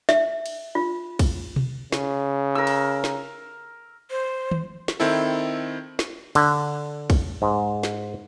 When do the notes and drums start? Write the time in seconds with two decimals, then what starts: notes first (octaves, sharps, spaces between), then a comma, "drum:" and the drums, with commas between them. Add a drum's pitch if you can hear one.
0.09 E5, drum: snare
0.46 drum: cymbal
0.75 F4
1.19 drum: kick, cymbal
1.56 drum: tom B2
1.92 C#3, drum: snare
2.55 A#4 E6
2.67 drum: cymbal
3.04 drum: snare
4.11 C5
4.51 drum: tom
4.88 drum: snare
5.00 D#3 C4 E4 A4
5.99 drum: snare
6.35 D3, drum: cymbal
7.10 drum: kick, cymbal
7.42 G#2
7.83 drum: snare